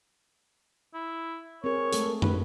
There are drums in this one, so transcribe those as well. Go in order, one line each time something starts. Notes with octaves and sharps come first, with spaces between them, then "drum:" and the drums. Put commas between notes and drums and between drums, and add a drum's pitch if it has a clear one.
E4
C4 G#4 A#4 C#5
G#3 A3 A4, drum: hi-hat
B4, drum: tom